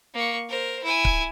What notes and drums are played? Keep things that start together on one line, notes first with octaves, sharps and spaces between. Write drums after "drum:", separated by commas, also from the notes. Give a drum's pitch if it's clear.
A#3 C#6
A#4 C5
E4 G#5
drum: kick C#1